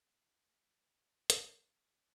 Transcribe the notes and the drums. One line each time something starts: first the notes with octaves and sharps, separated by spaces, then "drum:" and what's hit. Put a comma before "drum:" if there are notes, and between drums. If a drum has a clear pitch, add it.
G3 B4
D4 E4 A4 D5 D#5
F4 A#4 B4 C#5, drum: hi-hat
D#3 A5 C#6 D6 E6